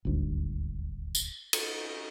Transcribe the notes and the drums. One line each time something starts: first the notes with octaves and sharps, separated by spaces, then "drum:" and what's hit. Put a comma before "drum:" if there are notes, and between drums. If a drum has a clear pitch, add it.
D#1 G#1 D2
drum: tambourine
drum: cymbal